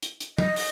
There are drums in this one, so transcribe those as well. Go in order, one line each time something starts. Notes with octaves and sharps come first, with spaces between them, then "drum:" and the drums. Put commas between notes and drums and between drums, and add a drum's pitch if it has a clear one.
drum: hi-hat
drum: hi-hat
D#5, drum: tom
drum: open hi-hat